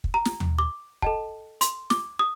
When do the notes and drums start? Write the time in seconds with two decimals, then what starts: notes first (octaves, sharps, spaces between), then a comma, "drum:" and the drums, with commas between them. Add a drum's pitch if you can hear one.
0.04 drum: kick
0.14 A#5
0.25 drum: snare
0.40 drum: tom D#2
0.59 D6
1.02 A4 D#5 G5 A5, drum: kick
1.61 C6, drum: hi-hat
1.90 D6, drum: snare
2.19 D#6